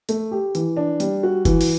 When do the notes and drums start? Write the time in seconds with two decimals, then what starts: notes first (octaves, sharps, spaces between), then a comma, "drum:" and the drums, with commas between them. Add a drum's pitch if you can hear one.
0.09 A3, drum: hi-hat
0.31 G4
0.55 E3, drum: hi-hat
0.77 D4
1.00 G3, drum: hi-hat
1.23 F#4
1.45 E3, drum: kick G1, hi-hat
1.61 drum: open hi-hat